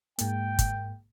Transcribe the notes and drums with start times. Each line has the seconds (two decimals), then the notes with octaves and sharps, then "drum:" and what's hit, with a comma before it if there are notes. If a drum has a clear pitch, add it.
0.18 G#2 A#3 G5, drum: hi-hat
0.59 drum: kick, hi-hat